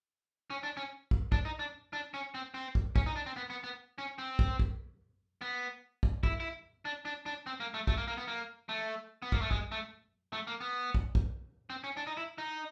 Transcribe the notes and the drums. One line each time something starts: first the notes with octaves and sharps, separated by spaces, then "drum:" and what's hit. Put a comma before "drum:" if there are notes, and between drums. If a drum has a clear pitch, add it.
C#4
D4
C#4
drum: kick
D4, drum: kick
D#4
D4
D4
C#4
C4
C4
drum: kick
C#4, drum: kick
D#4
D4
C4
B3
B3
B3
C#4
C4
drum: kick
drum: kick
B3
drum: kick
E4, drum: kick
E4
D4
D4
D4
C4
A#3
A3
A3, drum: kick
A#3
A#3
B3
A#3
A3
B3
A#3, drum: kick
A3
G#3, drum: kick
A3
A3
A#3
B3
drum: kick
drum: kick
C4
C#4
D4
D#4
E4
D#4